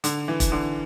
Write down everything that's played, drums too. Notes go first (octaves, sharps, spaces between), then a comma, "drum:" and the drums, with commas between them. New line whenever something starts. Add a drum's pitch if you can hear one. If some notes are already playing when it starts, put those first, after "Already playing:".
D3, drum: hi-hat
E3
drum: kick E1, hi-hat
D3